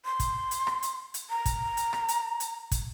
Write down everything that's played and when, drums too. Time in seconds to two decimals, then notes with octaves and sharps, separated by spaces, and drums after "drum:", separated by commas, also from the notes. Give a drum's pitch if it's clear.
0.05 C6
0.20 drum: kick, hi-hat
0.51 drum: hi-hat
0.67 drum: rim click
0.83 drum: hi-hat
1.14 drum: hi-hat
1.30 A#5
1.46 drum: kick, hi-hat
1.77 drum: hi-hat
1.93 drum: rim click
2.08 drum: hi-hat
2.40 drum: hi-hat
2.71 drum: kick, hi-hat